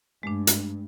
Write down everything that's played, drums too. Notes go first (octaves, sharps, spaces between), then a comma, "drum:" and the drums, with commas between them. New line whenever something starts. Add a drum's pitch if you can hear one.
G2 G#3 A3 D4
drum: hi-hat